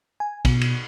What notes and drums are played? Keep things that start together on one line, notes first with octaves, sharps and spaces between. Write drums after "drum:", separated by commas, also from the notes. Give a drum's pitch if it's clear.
G#5
B2, drum: kick, cymbal
drum: cymbal